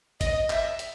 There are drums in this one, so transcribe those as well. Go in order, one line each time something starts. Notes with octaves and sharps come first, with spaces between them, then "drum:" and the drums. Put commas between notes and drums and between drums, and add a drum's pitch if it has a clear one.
D#5, drum: kick, hi-hat
E5, drum: clap
drum: hi-hat